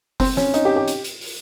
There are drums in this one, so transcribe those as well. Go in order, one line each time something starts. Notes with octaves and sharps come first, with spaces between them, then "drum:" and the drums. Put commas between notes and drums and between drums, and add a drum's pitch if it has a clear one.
C4, drum: kick F#1, open hi-hat
C#4, drum: snare
D#4, drum: hi-hat
G4
G4
drum: hi-hat
drum: hi-hat
drum: open hi-hat